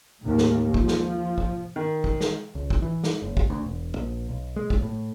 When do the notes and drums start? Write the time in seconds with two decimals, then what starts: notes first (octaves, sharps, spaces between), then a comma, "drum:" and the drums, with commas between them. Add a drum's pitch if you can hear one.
0.22 D#2 A2
0.38 drum: snare
0.74 F3, drum: kick
0.88 drum: snare
1.38 drum: kick
1.76 D#3
2.04 drum: kick
2.21 drum: snare
2.55 C#2
2.70 drum: kick
2.82 E3
3.04 drum: snare
3.22 F#1
3.37 drum: kick
3.50 D2
3.64 E1
3.95 A#1
4.29 B1
4.56 G#3
4.70 B1, drum: kick
4.82 A2